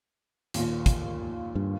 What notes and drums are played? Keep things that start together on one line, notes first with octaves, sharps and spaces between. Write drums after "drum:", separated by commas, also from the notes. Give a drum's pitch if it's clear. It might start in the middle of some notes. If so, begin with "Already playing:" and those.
D#2 A#2, drum: hi-hat
drum: kick, hi-hat
G2